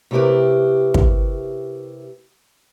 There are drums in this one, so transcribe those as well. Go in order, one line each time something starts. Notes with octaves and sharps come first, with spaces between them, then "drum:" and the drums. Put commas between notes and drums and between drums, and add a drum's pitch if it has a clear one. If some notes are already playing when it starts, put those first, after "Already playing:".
C3 A3 E4 G4 A#4 B4
drum: kick